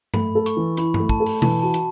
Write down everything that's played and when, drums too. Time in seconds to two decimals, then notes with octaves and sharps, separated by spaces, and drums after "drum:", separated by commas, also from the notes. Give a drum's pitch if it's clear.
0.14 A3 B5, drum: tom G2
0.35 A4
0.46 C#6, drum: hi-hat
0.57 E3
0.77 E4 B5, drum: hi-hat
0.94 B5, drum: tom G2
1.00 A3
1.09 A5, drum: kick
1.20 A4
1.26 B5, drum: open hi-hat
1.42 E3 A5, drum: tom B2
1.62 F#4 A5
1.74 drum: hi-hat